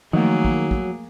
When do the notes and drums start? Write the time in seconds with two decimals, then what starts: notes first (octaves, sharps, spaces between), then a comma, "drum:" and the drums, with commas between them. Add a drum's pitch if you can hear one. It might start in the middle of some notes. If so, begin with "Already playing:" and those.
0.13 D#3 F3 F#3 A3 A#3 G#4
0.45 drum: kick
0.71 drum: kick